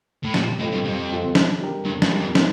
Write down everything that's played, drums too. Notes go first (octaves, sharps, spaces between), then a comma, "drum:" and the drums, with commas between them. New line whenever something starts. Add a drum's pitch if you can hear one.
A2
A#2 G3, drum: snare
A2 C4 F4 A4 D#5
G2
F2 G3
C4 F4 A4 D#5
D3, drum: snare
G3 D4 G4 A#4
G2 D3
G2, drum: snare
G3 D4 G4 A#4
F2
D#3, drum: snare